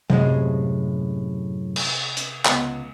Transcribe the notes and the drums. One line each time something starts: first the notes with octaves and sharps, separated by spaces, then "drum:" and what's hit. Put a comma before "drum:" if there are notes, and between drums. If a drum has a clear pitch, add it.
F#2 A2 C3 G#3, drum: tom F#3
drum: cymbal
drum: hi-hat
C#2 B3, drum: clap